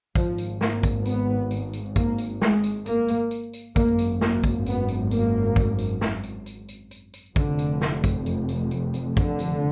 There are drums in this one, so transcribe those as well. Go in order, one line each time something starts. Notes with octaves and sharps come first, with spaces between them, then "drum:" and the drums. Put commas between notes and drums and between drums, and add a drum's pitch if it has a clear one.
G#1 G#2 F3, drum: kick, tambourine
drum: tambourine
A#3, drum: snare
drum: kick, tambourine
B3, drum: tambourine
drum: tambourine
drum: tambourine
A#3, drum: kick, tambourine
drum: tambourine
G#3, drum: snare
drum: tambourine
A#3, drum: tambourine
drum: tambourine
drum: tambourine
drum: tambourine
G#1 F#2 A#3, drum: kick, tambourine
drum: tambourine
A#3, drum: snare
drum: kick, tambourine
B3, drum: tambourine
drum: tambourine
A#3, drum: tambourine
drum: kick, tambourine
drum: tambourine
drum: snare
drum: tambourine
drum: tambourine
drum: tambourine
drum: tambourine
drum: tambourine
F1 F2 D3, drum: kick, tambourine
drum: tambourine
drum: snare
drum: kick, tambourine
drum: tambourine
drum: tambourine
drum: tambourine
drum: tambourine
D3, drum: kick, tambourine
drum: tambourine